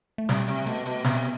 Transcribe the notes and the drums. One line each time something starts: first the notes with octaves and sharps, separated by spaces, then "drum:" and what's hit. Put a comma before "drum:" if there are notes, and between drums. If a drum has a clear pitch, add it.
A3
C3 G3, drum: snare
C3, drum: hi-hat
B2 A3, drum: hi-hat
B2, drum: hi-hat
C3 B3, drum: snare